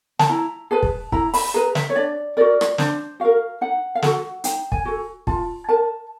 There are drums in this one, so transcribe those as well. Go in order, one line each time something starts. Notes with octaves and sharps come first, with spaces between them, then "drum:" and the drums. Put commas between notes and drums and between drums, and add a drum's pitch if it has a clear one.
A5, drum: snare
E4 A#5
G#4 B4 A5
drum: kick
E4 A#5, drum: kick
B5, drum: open hi-hat
G#4 B4 A#5
E5, drum: snare
C#5
D4 D5
F#4 A#4 D5
drum: rim click
D4 C5, drum: snare
F#4 A#4 F5
D#4 F#5
F5
F#4 A4 F#5, drum: snare
D#4 G5, drum: hi-hat
G#5, drum: kick
F#4 A4
F4 A5, drum: kick
A#4 A5